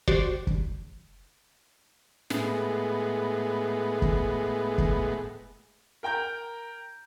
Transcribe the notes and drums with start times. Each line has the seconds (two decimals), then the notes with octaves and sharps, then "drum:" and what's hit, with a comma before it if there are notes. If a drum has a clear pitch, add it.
0.08 F#4 G4 C5 D5, drum: kick
0.47 drum: kick
2.30 A2 G#3 B3, drum: snare
4.02 drum: kick
4.78 drum: kick
6.03 A#4 G5 A#5 G6